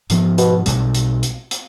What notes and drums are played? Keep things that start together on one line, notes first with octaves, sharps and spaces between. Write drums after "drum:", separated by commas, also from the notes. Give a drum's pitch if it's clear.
G#2 F3 B3, drum: hi-hat
B2, drum: hi-hat
B1 B2 G3, drum: hi-hat
drum: hi-hat
drum: hi-hat
drum: hi-hat